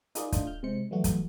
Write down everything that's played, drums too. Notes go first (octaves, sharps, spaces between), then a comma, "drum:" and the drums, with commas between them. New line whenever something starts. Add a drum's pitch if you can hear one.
D#4 F4 G#4 A#4 D5 D#5, drum: hi-hat
A3 D4 F4 D#5, drum: kick, hi-hat
F6 G6
C3 G#3 C5 C#7
E3 F#3 G3 A3 F#4
drum: kick, hi-hat